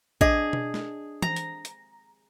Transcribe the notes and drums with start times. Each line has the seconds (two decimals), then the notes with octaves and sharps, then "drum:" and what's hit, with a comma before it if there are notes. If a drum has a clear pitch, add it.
0.21 D4 G#4 D#5, drum: kick A#1
0.53 drum: tom B2
0.74 drum: snare
1.22 A#5, drum: tom E3
1.36 drum: hi-hat
1.65 drum: hi-hat